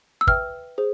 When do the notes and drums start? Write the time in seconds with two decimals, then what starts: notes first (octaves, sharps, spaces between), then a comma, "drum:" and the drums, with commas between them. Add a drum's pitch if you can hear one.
0.21 E6
0.27 B4 E5 G5 F6, drum: kick
0.78 G#4 C5